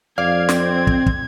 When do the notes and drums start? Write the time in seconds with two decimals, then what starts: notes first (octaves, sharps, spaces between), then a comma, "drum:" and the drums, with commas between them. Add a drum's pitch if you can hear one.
0.18 F2 D5 F5 G#6
0.49 C4, drum: snare
0.87 drum: kick
1.06 drum: kick